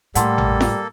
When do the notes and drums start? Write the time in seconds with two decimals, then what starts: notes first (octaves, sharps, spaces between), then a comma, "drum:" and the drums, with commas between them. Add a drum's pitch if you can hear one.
0.15 A2 G3 A#3 A4 F#5 A5 C6, drum: hi-hat
0.38 drum: tom A1
0.61 drum: snare F4